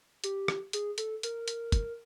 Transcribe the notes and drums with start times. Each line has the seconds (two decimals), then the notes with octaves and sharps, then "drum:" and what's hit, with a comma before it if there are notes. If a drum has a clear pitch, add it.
0.24 G4, drum: hi-hat
0.48 drum: rim click
0.73 G#4, drum: hi-hat
0.98 A4, drum: hi-hat
1.23 A#4, drum: hi-hat
1.48 drum: hi-hat
1.72 drum: kick, hi-hat